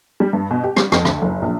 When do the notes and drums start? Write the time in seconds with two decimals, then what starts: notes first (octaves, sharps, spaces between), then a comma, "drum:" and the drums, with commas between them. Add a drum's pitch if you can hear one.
0.20 G3
0.33 G2
0.51 B2
0.63 G4
0.76 G3, drum: rim click
0.92 F2, drum: rim click
1.05 D2, drum: rim click
1.22 F#1
1.42 A#1